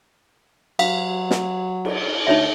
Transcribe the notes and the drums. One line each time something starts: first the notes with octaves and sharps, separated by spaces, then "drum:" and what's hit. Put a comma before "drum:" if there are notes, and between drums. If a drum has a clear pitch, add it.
F#3 F5, drum: cymbal
drum: snare
drum: cymbal
D2 D#4 C#5 E5